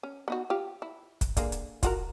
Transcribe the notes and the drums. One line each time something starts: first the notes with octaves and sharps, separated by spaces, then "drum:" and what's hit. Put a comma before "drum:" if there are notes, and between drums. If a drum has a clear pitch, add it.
C#4
B3 D#4 F#4
F4 G4
E4
drum: kick, hi-hat
D3 A#3 G#4, drum: kick, hi-hat
drum: hi-hat
F4 F#4 A#4, drum: kick, hi-hat